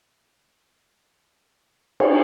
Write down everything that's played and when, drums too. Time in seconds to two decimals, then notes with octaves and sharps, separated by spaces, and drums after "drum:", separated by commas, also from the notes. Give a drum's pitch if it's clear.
1.11 D4 C#5
2.00 drum: cymbal